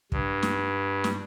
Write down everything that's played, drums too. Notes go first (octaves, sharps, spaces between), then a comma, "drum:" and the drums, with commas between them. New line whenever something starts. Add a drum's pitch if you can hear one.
G2, drum: kick
drum: snare
drum: snare